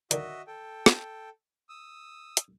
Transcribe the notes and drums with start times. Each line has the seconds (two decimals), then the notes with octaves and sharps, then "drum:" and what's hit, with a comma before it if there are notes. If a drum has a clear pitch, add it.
0.11 D3 D#3 F#4 D#5 E5, drum: hi-hat
0.47 A4 G5
0.86 drum: rim click
1.69 D#6 E6
2.37 drum: hi-hat